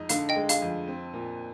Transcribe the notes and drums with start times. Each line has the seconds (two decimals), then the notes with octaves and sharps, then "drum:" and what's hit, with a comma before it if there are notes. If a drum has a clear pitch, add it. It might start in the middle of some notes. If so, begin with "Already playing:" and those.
Already playing: F2 G#3 D#4
0.09 D3 F5, drum: hi-hat
0.29 D#5 G5
0.36 G#3
0.49 F5, drum: hi-hat
0.62 F2
0.88 C4
1.13 A#2